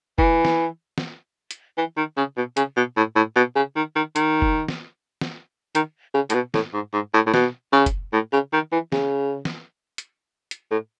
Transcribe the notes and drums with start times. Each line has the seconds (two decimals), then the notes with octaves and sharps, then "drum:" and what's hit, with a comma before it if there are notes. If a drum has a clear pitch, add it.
0.18 E3, drum: kick F1
0.45 drum: snare
0.98 drum: snare
1.51 drum: hi-hat
1.77 E3
1.97 D#3
2.17 C#3
2.37 B2
2.57 C#3, drum: hi-hat
2.77 B2
2.96 A2
3.16 A2
3.36 B2
3.56 C#3
3.76 D#3
3.96 D#3
4.16 D#3, drum: hi-hat
4.42 drum: kick F1
4.68 drum: snare
5.21 drum: snare
5.75 D#3, drum: hi-hat
6.14 C#3
6.30 A2, drum: hi-hat
6.34 B2
6.54 A2, drum: snare
6.74 G#2
6.93 G#2
7.14 A2
7.26 A2
7.34 B2, drum: snare
7.73 C#3
7.86 drum: kick F1, hi-hat
8.13 A2
8.33 C#3
8.53 D#3
8.72 E3
8.92 C#3, drum: snare
9.45 drum: snare
9.98 drum: hi-hat
10.51 drum: hi-hat
10.71 A2